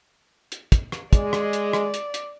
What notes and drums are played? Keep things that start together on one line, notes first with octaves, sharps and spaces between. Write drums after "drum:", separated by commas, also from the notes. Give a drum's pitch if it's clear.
drum: hi-hat
drum: kick, hi-hat
drum: rim click
G#3 D5, drum: kick, hi-hat
drum: rim click
drum: hi-hat
drum: rim click
drum: hi-hat
drum: hi-hat